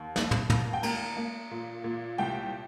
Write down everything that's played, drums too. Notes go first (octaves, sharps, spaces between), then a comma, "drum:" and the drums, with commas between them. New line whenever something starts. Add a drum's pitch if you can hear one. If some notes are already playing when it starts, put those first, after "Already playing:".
Already playing: D#2
A#3, drum: snare
drum: tom
D#2, drum: tom
G5
A#3 A#5, drum: cymbal
A#3
A#2
A#2
C2 G5